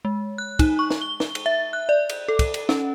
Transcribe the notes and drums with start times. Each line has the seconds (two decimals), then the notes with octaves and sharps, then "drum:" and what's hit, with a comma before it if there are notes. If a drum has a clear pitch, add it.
0.05 G#3
0.38 F#6
0.59 D#4, drum: kick, cymbal
0.79 C#6
0.90 drum: snare
1.02 G7
1.20 drum: snare
1.35 drum: cymbal
1.46 E5
1.73 F#6
1.89 D5
2.09 drum: cymbal
2.28 A4
2.39 drum: kick, cymbal
2.54 drum: cymbal
2.69 C#4, drum: snare